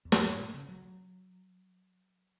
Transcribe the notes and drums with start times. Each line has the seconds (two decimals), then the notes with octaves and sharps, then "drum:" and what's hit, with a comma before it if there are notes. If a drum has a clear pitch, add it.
0.05 E2
0.12 F#2, drum: snare
0.26 G#2
0.40 B2
0.54 C#3
0.69 F#3